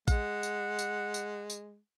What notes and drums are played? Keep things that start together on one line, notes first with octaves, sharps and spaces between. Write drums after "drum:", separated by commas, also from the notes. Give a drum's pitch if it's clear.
G#3 F#5, drum: kick A#1, tambourine
drum: tambourine
drum: tambourine
drum: tambourine
drum: tambourine